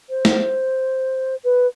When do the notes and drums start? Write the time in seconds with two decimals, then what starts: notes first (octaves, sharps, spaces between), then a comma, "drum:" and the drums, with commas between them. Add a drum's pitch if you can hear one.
0.09 C5
0.25 drum: snare
1.43 B4